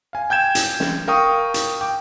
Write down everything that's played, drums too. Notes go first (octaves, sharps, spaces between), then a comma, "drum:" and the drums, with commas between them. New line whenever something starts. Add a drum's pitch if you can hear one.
F5 G#5
G5 G6 G#6 E7
drum: hi-hat
drum: snare
A#4 F5 G5 C#6 D#6
drum: hi-hat
G5 D6